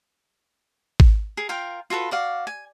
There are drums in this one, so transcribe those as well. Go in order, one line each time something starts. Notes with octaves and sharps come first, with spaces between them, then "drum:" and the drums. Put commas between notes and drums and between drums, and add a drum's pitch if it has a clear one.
drum: kick G#1
G#4 A#4
F4 A#4 F5 G5
F4 F#4 A4 B4
F#4 D5 F5
G#5